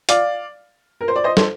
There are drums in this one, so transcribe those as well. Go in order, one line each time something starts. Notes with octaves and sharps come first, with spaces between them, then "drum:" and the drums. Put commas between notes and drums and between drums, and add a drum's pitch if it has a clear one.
D5 F5, drum: hi-hat
A#4
C5
D5
C5 D#5
A4 C5, drum: snare